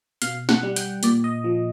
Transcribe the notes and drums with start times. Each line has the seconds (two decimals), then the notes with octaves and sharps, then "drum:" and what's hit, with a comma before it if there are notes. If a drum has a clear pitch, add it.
0.22 B2 F5, drum: hi-hat
0.49 F#5, drum: snare
0.63 G3
0.76 G5, drum: hi-hat
1.03 A#2 D5, drum: hi-hat
1.24 D#5
1.44 F3